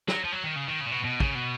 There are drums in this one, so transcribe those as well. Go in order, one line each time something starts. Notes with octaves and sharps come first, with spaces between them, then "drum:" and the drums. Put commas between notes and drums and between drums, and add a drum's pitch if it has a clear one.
F#3, drum: snare
F3
F#3
D#3
C#3
D#3
C#3
A#2
B2
B2
C#3, drum: kick
B2